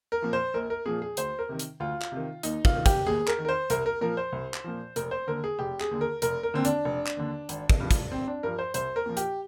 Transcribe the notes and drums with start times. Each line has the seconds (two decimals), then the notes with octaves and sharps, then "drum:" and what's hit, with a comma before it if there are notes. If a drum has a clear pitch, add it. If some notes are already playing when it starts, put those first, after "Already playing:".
0.12 A#4
0.22 A#2 F3
0.33 C5
0.54 A#1 A#4
0.70 A#4
0.86 A#2 F3 G#4
1.02 G#4
1.17 D2 C5, drum: hi-hat
1.39 A#4
1.49 C3 D#3
1.59 drum: hi-hat
1.80 D2 F4
2.02 drum: clap
2.12 C3 D#3
2.43 D#2 D#4, drum: hi-hat
2.65 F4, drum: kick
2.75 D#3
2.86 G4, drum: kick, hi-hat
3.07 D#2 G#4
3.28 A#4, drum: clap
3.38 D#3
3.45 A#4
3.49 C5
3.70 C2 A#4, drum: hi-hat
3.86 A#4
4.01 A#2 F3 A#4
4.17 C5
4.32 C2
4.54 drum: clap
4.64 A#2 F3
4.96 F1 A#4, drum: hi-hat
5.11 C5
5.27 D#2 D3 A#4
5.44 G#4
5.59 F1 G4
5.80 G#4, drum: clap
5.91 D#2 D3
6.01 A#4
6.22 F1 A#4, drum: hi-hat
6.43 A#4
6.54 D#2 D3 C4
6.65 D4, drum: hi-hat
6.85 F1
7.06 drum: clap
7.17 D#2 D3
7.49 G#1, drum: hi-hat
7.70 drum: kick
7.80 G2 F3
7.91 drum: kick, hi-hat
8.12 G#1 C4
8.28 D4
8.43 G2 F3 A#4
8.59 C5
8.74 C2 C5, drum: hi-hat
8.96 A#4
9.06 A#2 F3
9.17 G4, drum: hi-hat